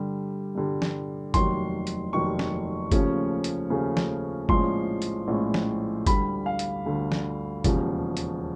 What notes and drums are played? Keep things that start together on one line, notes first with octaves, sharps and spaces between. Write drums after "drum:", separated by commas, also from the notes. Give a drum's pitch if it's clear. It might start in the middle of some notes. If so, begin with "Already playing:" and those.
Already playing: G2 D3 G3
G2 D3 G3
drum: snare
F1 D#2 D#3 F#3 C6, drum: kick G1, hi-hat
drum: hi-hat
F1 D#2 D#3 F#3 C#6
drum: snare
D#2 C#3 F3 A3 C#4, drum: kick G1, hi-hat
drum: hi-hat
D#2 C#3 F3 A3 C#4
drum: snare
A#1 A2 F3 G#3 C#4 C6, drum: kick G1
drum: hi-hat
A#1 A2 F3 G#3 C#4
drum: snare
D2 D3 G3 B5, drum: kick G1, hi-hat
F5
drum: hi-hat
D2 D3 G3
drum: snare
E1 D#2 C#3 F3, drum: kick G1, hi-hat
drum: hi-hat